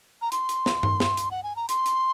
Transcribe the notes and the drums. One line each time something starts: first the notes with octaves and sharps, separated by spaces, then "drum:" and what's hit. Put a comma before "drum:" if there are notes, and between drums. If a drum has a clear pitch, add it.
A#5
C6, drum: hi-hat
drum: hi-hat
drum: snare
drum: tom G2
drum: snare
drum: hi-hat
F#5
G#5
A#5
C6, drum: hi-hat
drum: hi-hat